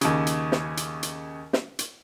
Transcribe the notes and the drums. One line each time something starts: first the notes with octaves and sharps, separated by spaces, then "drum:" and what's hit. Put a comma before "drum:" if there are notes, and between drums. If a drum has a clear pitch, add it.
D#2 C#3, drum: hi-hat
drum: hi-hat
drum: snare
drum: hi-hat
drum: hi-hat
drum: snare
drum: hi-hat